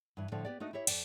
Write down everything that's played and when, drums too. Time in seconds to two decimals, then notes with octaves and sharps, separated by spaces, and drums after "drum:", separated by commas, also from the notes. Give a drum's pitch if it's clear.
0.17 G2 E3
0.32 A2 D3 F3 D5
0.45 B3 G4 D5
0.60 A3 D4 D#4 F#4 D#5
0.73 E4 G4 C#5 E5
0.87 F2 D5 G5, drum: cymbal